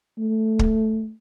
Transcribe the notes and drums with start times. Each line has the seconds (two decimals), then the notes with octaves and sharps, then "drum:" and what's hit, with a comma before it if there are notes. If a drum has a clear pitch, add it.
0.18 A3
0.59 drum: kick